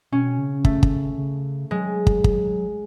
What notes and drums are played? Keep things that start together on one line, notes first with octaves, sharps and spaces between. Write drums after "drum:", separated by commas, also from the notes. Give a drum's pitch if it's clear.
B2 C#4
C#3
A3, drum: kick
drum: kick
C#3
F#3 G#3
drum: kick
drum: kick